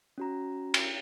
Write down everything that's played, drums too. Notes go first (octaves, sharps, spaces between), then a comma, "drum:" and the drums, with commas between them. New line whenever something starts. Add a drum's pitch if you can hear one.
C#4 F#4 A#5
drum: cymbal